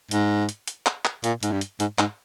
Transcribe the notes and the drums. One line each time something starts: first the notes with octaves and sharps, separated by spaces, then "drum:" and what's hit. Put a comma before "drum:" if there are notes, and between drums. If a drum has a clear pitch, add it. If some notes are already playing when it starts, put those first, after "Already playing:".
G#2, drum: hi-hat
drum: hi-hat
drum: hi-hat
drum: clap
drum: clap
A#2, drum: hi-hat
G#2, drum: hi-hat
G2
drum: hi-hat
G#2, drum: hi-hat
G#2, drum: clap